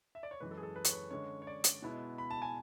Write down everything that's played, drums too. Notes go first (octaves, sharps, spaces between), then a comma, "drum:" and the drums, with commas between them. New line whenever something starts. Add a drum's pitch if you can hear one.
E5
D5
C#5
F#2 E3 G#3 B4
A4
G#4
A4
B4
C#5, drum: hi-hat
B4
D3 G#3 C#4 C#5
C#5
D5
drum: hi-hat
B2 G#3 B3 E4
B5
A5
G#5